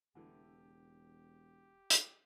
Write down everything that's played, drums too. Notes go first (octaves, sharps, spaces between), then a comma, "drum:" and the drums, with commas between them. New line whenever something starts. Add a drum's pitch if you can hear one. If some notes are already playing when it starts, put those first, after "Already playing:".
E1 D3 E3 A3 G4
drum: hi-hat